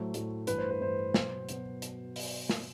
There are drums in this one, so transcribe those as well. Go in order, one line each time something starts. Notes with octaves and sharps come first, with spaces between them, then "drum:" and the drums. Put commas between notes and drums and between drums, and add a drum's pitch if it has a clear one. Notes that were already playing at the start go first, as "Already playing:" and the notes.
Already playing: A2 F#3 A3 C5
A2 F#3 A3, drum: hi-hat
G2 E3 A3 B4, drum: hi-hat
C5
B4
G2 E3 A3 C5
B2 F#3 B3, drum: snare
B2 F#3 B3, drum: hi-hat
drum: hi-hat
drum: open hi-hat
drum: snare